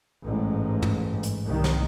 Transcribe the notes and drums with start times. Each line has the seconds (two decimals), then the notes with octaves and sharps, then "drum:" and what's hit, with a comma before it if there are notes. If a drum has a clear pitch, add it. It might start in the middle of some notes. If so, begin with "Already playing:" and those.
0.23 A1 G#2
0.82 drum: tom
1.23 drum: hi-hat
1.44 C2 D#3
1.64 drum: snare